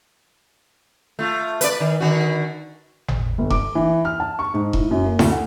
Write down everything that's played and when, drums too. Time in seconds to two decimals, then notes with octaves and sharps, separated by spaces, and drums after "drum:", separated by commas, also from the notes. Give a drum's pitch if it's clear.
1.19 A3 F4
1.61 B4 D5, drum: hi-hat
1.80 D#3
2.00 D3 D#3 F#4
3.08 drum: tom G#1
3.38 G1
3.50 D6, drum: kick E1
3.75 E3
4.05 F6
4.20 A5
4.39 C#6
4.54 G#2
4.73 E4, drum: kick E1
4.91 F#2
5.06 A#3
5.19 D2, drum: snare E4
5.32 F#5